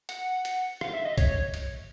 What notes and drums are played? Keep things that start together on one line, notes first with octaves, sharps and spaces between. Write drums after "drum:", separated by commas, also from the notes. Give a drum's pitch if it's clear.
F#5, drum: hi-hat
drum: hi-hat
F5, drum: rim click
E5
D#5
C#5, drum: kick B1, hi-hat
C#5
drum: hi-hat